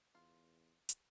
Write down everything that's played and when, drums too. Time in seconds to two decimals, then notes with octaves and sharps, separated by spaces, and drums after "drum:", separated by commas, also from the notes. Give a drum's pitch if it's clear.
0.15 E2 F4
0.89 drum: hi-hat